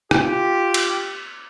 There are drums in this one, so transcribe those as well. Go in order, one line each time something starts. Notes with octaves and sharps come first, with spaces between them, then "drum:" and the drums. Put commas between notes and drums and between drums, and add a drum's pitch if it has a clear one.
F4 G4, drum: rim click
drum: cymbal